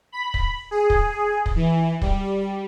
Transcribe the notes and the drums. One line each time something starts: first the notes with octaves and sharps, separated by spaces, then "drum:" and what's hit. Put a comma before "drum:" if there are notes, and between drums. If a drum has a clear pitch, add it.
B5
drum: kick
G#4
drum: kick
drum: kick
E3
G3, drum: kick